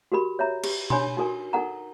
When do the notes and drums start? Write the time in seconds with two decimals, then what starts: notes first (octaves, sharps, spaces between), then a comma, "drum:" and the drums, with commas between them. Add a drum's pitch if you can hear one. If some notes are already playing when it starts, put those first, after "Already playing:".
0.12 F#4 G4 A#4 B5
0.39 C#5 E5 A#5
0.64 G4, drum: cymbal
0.90 D4 C#5 G#5 B5 C6, drum: tom B2
1.17 D#4 F#4 A4 A#4 G#5
1.53 D#4 A4 A#4 F#5 A#5